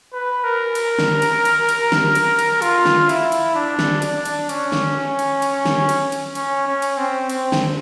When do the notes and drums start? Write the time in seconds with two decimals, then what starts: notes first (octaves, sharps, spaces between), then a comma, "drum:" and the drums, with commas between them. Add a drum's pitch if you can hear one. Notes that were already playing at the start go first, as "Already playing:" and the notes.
0.13 B4
0.44 A#4
0.75 drum: cymbal
0.99 drum: snare
1.22 drum: cymbal
1.45 drum: cymbal
1.69 drum: cymbal
1.92 drum: snare
2.15 drum: cymbal
2.39 drum: cymbal
2.62 F4, drum: cymbal
2.85 drum: snare
3.09 E4, drum: cymbal
3.32 drum: cymbal
3.55 D4
3.79 drum: snare
4.02 D4, drum: cymbal
4.25 drum: cymbal
4.49 C#4, drum: cymbal
4.72 drum: snare
5.19 drum: cymbal
5.42 drum: cymbal
5.66 drum: snare
5.89 drum: cymbal
6.12 drum: cymbal
6.35 C#4, drum: cymbal
6.67 C#4
6.82 drum: cymbal
6.98 C4
7.29 C4, drum: cymbal
7.52 drum: snare